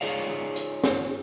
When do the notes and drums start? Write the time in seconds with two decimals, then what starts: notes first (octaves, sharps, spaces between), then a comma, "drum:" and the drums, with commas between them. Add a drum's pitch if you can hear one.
0.01 D#4 F4 G#4 C#5 D5 F5
0.56 drum: hi-hat
0.84 drum: snare